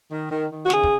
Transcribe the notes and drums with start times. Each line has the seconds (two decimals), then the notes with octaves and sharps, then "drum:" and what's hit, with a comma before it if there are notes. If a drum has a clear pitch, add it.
0.11 D#3
0.30 D#3
0.50 D#3
0.65 F#4
0.70 C#3 G#4, drum: snare
0.83 drum: kick